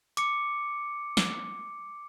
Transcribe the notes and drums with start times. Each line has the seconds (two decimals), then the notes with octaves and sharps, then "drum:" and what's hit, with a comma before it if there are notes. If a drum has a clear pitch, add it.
0.17 D6 C#7, drum: hi-hat
1.17 drum: snare